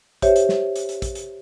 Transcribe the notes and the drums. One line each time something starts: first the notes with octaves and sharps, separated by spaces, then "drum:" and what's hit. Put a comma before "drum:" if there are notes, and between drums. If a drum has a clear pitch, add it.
G4 C5 C#5 E5, drum: kick A#1, hi-hat
drum: hi-hat
drum: snare
drum: hi-hat
drum: hi-hat
drum: kick A#1, hi-hat
drum: hi-hat